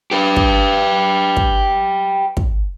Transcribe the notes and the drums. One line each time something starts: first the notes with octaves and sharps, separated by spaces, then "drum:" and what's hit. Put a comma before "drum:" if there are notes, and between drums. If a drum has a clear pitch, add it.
G4 B4
drum: kick
drum: kick
drum: kick